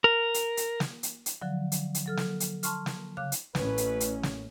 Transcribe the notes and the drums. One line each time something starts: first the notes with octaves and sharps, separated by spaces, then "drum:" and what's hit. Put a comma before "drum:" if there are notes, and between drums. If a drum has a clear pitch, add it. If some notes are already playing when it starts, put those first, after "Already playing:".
A#4
drum: hi-hat
drum: hi-hat
drum: snare
drum: hi-hat
drum: hi-hat
D3 F3 F#3
drum: hi-hat
drum: hi-hat
F#3 A4 F6
drum: snare
drum: hi-hat
A5 C6 C#6 F6, drum: hi-hat
drum: snare
C#3 F5 D6 F#6
drum: hi-hat
A1 C#4 B4, drum: snare
drum: hi-hat
drum: hi-hat
drum: snare